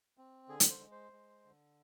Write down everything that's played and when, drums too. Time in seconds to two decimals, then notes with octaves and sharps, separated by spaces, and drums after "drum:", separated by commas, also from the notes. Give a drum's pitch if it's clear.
0.18 C4
0.48 D3 G#4
0.60 drum: hi-hat
0.70 C5
0.80 G#3
0.92 C5
1.12 G#3
1.45 D3